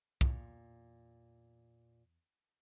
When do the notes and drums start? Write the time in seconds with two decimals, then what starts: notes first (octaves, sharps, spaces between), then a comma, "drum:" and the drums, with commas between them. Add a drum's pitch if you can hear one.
0.21 E2 A#2, drum: kick